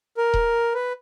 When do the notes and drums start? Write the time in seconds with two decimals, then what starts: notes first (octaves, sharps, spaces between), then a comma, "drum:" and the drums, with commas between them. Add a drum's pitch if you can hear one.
0.17 A#4
0.34 drum: kick D#1
0.74 B4